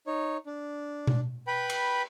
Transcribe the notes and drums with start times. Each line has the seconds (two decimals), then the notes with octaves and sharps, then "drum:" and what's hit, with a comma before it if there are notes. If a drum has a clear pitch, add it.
0.07 D#4 C#5
0.46 D4
1.07 drum: tom B2
1.47 B4 G5 B5
1.70 drum: cymbal